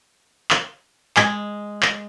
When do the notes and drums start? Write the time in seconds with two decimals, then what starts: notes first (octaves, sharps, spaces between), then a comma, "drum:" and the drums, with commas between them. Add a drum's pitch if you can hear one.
0.51 drum: clap
1.17 G#3 G#5 G#6, drum: clap
1.82 drum: clap